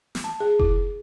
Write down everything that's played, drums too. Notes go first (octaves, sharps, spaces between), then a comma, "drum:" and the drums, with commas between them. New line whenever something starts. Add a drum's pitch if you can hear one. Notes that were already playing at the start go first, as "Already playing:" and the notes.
drum: snare
A5
G#4
E4, drum: kick F1